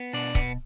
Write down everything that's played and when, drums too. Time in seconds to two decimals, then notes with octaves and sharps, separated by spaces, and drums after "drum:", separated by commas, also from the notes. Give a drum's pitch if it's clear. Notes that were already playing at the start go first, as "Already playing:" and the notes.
Already playing: B3
0.13 B2 D4 D5
0.35 B3, drum: kick C#1